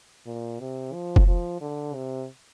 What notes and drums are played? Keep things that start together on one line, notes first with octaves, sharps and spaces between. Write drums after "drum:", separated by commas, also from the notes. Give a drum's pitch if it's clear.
A#2
C3
F3
drum: kick F1
F3
D3
C3